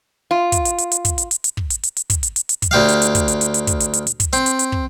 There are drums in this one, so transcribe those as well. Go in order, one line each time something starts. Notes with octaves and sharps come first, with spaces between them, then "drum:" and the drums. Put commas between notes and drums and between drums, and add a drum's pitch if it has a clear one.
F4
drum: kick, hi-hat
drum: hi-hat
drum: hi-hat
drum: hi-hat
drum: kick, hi-hat
drum: hi-hat
drum: hi-hat
drum: hi-hat
drum: kick
drum: hi-hat
drum: hi-hat
drum: hi-hat
drum: kick, hi-hat
drum: hi-hat
drum: hi-hat
drum: hi-hat
drum: kick, hi-hat
D2 G4 F5
drum: hi-hat
drum: hi-hat
drum: kick, hi-hat
drum: hi-hat
drum: hi-hat
drum: hi-hat
drum: kick, hi-hat
drum: hi-hat
drum: hi-hat
drum: hi-hat
drum: kick, hi-hat
C4, drum: hi-hat
drum: hi-hat
drum: hi-hat
drum: kick